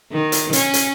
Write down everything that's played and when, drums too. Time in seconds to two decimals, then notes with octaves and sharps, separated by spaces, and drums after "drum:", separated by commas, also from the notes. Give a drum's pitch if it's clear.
0.12 D#3
0.32 drum: hi-hat
0.53 C#4, drum: hi-hat
0.74 drum: hi-hat